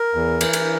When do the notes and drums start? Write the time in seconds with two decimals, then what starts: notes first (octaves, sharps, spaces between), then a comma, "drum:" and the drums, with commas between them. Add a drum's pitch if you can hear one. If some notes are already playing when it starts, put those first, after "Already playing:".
Already playing: A#4
0.14 E2
0.41 E3, drum: cymbal
0.53 drum: cymbal